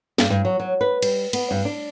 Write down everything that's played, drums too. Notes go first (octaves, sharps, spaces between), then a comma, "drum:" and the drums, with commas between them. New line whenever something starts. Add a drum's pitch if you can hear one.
G2, drum: snare
G2
F#3
F#3
B4
G3, drum: cymbal
B3, drum: cymbal
G2
D4